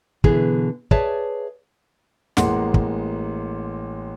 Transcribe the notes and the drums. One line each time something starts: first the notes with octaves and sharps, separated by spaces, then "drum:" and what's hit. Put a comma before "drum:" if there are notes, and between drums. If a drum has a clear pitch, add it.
B2 D3 E3 B3 E4 G#4, drum: kick
G#4 B4 C#5 D5 E5 A5, drum: kick
A1 G#3 A#3 F#5 C6, drum: snare
drum: kick